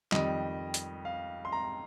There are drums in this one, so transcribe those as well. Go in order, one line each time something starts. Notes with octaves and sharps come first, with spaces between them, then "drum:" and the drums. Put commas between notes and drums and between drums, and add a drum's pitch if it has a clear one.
F2 D#3 G3 D#5, drum: clap
drum: hi-hat
F5
C6
A#5